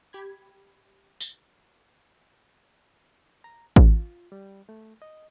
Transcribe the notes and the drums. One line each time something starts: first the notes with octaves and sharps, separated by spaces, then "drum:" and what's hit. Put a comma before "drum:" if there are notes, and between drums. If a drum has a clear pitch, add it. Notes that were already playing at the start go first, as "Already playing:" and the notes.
G4 B5 G#6
drum: tambourine
A#5
F4, drum: kick A1
G3
A3
D#5